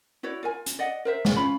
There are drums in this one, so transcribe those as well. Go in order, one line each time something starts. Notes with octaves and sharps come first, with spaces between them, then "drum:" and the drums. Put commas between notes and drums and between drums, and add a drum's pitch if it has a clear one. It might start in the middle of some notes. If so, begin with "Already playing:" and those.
E4 F#4 C#5 D5
F4 A#4 G#5
drum: hi-hat
D5 D#5 F#5
A#4 C5 E5
drum: snare
C#4 F4 B5